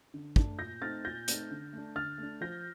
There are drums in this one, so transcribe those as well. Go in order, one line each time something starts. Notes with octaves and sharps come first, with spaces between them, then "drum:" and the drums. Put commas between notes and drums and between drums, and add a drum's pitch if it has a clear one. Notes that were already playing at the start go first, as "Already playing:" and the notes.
D3
A3 D4, drum: kick
A#2 G6 A#6
A3 C4 D#4 F6 A6
A#2 G6 A#6
A3 C4 D#4, drum: hi-hat
D3
A3 D4
D3 F6 A6
A3 D4
F3 G6 A#6